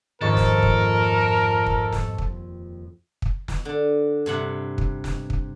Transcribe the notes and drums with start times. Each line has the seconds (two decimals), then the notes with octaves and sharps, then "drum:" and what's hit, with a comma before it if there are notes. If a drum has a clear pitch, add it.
0.21 D#1 F2 G#2 A4 A#4 C5 D#5 C#6
0.37 drum: snare
0.63 drum: kick
1.67 drum: kick
1.92 drum: snare
2.18 drum: kick
3.22 drum: kick
3.48 drum: snare
3.65 D3
4.26 G2 C3 F#5
4.78 drum: kick
5.04 drum: snare
5.30 drum: kick